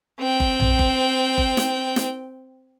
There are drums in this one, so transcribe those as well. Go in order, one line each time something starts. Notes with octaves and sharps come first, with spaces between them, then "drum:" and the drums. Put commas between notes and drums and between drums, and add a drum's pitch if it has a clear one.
C4 G5
drum: kick F#1
drum: tom A#1
drum: kick F#1
drum: kick F#1
drum: snare
drum: snare